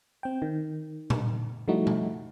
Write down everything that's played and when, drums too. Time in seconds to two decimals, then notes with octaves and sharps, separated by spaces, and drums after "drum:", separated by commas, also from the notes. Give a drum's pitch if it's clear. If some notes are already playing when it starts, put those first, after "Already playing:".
0.23 C4 G5
0.42 D#3
1.10 drum: tom A#2
1.68 F3 G3 A3 D#4 E4 F#4
1.87 drum: tom B2